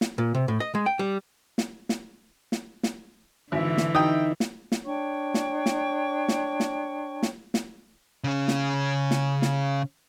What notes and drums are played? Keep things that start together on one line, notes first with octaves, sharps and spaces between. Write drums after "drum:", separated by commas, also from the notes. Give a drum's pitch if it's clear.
drum: snare
A#2
C3
A2
D#5
G#3
G5
G3
drum: snare
drum: snare
drum: snare
drum: snare
G#1 D3 E3 E5
drum: snare
D#4 G5 D#6
drum: snare
drum: snare
D4 C#5 G5 C#6
drum: snare
drum: snare
drum: snare
drum: snare
drum: snare
drum: snare
C#3 C#4
drum: snare
drum: snare
drum: snare